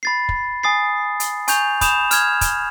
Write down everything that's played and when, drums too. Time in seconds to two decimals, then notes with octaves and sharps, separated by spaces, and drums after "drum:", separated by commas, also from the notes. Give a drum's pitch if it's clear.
0.03 B5 A6 C7
0.29 drum: kick
0.63 G#5 D#6 A6 C7
1.20 drum: hi-hat
1.48 G#5 C#6 G6 F7, drum: hi-hat
1.81 B5 D#6 G6 E7 F7, drum: kick, hi-hat
2.11 F6 G#6, drum: hi-hat
2.41 drum: kick, hi-hat